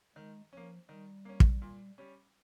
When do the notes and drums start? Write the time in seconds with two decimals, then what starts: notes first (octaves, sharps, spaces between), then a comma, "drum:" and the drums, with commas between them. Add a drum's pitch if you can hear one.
0.15 D#3 G#3
0.53 F3 A#3 C#4
0.89 D#3 G3
1.25 A#3 C#4
1.40 drum: kick
1.62 A#2
1.98 G3 C#4